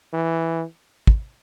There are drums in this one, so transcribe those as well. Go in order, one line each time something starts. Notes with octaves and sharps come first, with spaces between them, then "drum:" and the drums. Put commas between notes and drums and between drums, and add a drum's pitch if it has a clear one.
E3
drum: kick